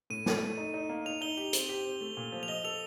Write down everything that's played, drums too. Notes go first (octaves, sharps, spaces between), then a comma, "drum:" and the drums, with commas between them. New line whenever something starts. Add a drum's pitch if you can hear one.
A2 D#7
A3, drum: snare
A3
D#4
D#4
A#3
D#4 F7
D#4 G7
G4 F7
C4 G7, drum: hi-hat
G4
C4
A3
A#2
F3
F7
D#5 G7
A4 F7